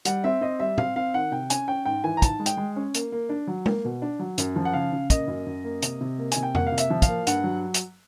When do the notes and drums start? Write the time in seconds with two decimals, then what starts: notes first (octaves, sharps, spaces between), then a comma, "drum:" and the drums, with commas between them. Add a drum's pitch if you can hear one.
0.05 G3 F#5, drum: hi-hat
0.24 C4 E5
0.41 C4 D#5
0.60 G3 E5
0.78 C4 F5, drum: tom A#2
0.96 C4 F5
1.14 D#3 F#5
1.32 C3 G5
1.50 C#4 G#5, drum: hi-hat
1.68 C#4 G5
1.85 G#2 G5
2.04 E3 G#5
2.17 A#5
2.22 G#2 A5, drum: kick, hi-hat
2.40 G#3
2.46 G5, drum: hi-hat
2.57 G#3
2.76 C#4
2.94 A#3, drum: hi-hat
3.12 A#3
3.29 D4
3.47 F#3
3.66 A#3, drum: tom G#3
3.85 B2
4.02 D4
4.19 F#3
4.38 F#2, drum: hi-hat
4.56 F3
4.65 F#5
4.73 C#3 F5
4.92 C#3
5.10 A#3 D#5, drum: kick, hi-hat
5.28 F#2
5.46 F#2
5.64 A#3
5.82 C3, drum: hi-hat
6.01 C3
6.19 A#3
6.32 C3 G#5, drum: hi-hat
6.43 G5
6.55 A#3 F#5, drum: tom F2
6.67 F5
6.72 C3
6.78 E5, drum: hi-hat
6.90 F3
7.02 F5, drum: kick, hi-hat
7.08 A#3
7.27 G2 F#5, drum: hi-hat
7.44 F#3
7.74 drum: hi-hat